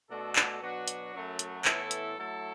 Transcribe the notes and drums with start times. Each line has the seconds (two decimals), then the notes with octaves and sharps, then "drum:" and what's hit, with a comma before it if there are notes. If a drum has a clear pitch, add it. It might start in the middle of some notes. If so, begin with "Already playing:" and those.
0.10 B2 A3 D4 F#4 A4
0.36 drum: clap
0.62 B2 F#3 B3 D4 F#4
0.88 drum: hi-hat
1.13 F#2 F#3 A3
1.39 drum: hi-hat
1.65 A2 E3 B3 E4 A4, drum: clap
1.91 drum: hi-hat
2.17 F#3 A3 E4 A4